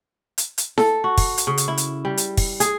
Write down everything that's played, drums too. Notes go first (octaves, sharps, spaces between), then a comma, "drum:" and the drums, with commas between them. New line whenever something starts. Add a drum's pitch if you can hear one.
drum: hi-hat
drum: hi-hat
A4, drum: snare E4
F#4
drum: kick, open hi-hat
drum: hi-hat
C#3
drum: hi-hat
E4
drum: hi-hat
G3
drum: hi-hat
drum: kick, open hi-hat
G#4, drum: hi-hat